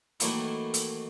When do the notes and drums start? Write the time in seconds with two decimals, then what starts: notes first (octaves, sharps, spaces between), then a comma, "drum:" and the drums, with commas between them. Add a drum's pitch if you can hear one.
0.20 D#3 E3 F#3 A3 A#3 E4, drum: hi-hat
0.74 drum: hi-hat